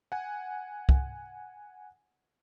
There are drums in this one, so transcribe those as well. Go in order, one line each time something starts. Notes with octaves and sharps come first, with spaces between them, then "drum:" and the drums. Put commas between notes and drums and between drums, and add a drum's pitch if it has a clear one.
F#5 G#5
drum: kick